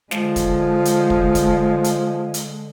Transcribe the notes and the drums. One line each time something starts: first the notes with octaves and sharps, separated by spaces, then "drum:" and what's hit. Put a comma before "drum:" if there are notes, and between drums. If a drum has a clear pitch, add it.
D3 F3 G#3, drum: snare
drum: kick, hi-hat
drum: hi-hat
drum: kick
drum: kick, hi-hat
drum: hi-hat
drum: hi-hat